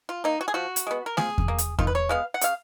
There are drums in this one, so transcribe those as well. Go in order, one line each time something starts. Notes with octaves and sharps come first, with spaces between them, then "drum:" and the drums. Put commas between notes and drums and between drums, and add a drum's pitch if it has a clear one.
F4
A#3 D#4
F#4
G#4
F3 F#4
drum: hi-hat
G#3 B3
A#4
F3 G#4, drum: snare A3
drum: kick E2
A#3
drum: hi-hat
D#3 F4, drum: kick E2
B4
C#5
G#3 B3 F5
F#5
C#3 F5, drum: hi-hat